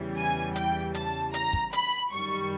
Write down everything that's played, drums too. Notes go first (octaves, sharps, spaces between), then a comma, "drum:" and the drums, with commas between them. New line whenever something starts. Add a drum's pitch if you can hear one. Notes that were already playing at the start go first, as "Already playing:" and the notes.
Already playing: E2 C#3 E3 G3
G#5
G5, drum: hi-hat
A5, drum: hi-hat
A#5, drum: hi-hat
drum: kick
B5, drum: hi-hat
F#2 D#3 G3 C#6